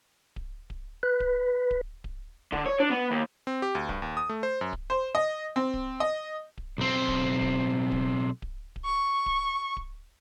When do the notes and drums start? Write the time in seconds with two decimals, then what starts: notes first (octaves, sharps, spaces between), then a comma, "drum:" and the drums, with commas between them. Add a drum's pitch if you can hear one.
0.36 drum: kick D1
0.70 drum: kick D1
1.03 B4
1.20 drum: kick D1
1.71 drum: kick D1
2.04 drum: kick D1
2.52 D3, drum: kick D1
2.66 C#5
2.80 D4
2.91 B3
3.11 D#2
3.47 C4
3.62 G4
3.75 D2
3.89 G2, drum: kick D1
4.02 D#2
4.17 D#6
4.29 A3
4.43 C5
4.61 F#2
4.73 drum: kick D1
4.90 C5
5.15 D#5
5.56 C4
5.74 drum: kick D1
6.00 D#5
6.58 drum: kick D1
6.78 B1 C4
7.08 drum: kick D1
7.41 drum: kick D1
7.92 drum: kick D1
8.42 drum: kick D1
8.76 drum: kick D1
8.85 C#6
9.26 drum: kick D1
9.77 drum: kick D1